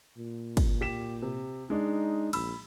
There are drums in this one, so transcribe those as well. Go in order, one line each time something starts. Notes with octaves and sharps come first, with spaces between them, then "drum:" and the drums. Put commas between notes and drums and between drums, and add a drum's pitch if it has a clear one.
A#2
drum: kick, cymbal
G4 B6 E7
C3
G#3 D4 D#4
A#1 B5 E6, drum: cymbal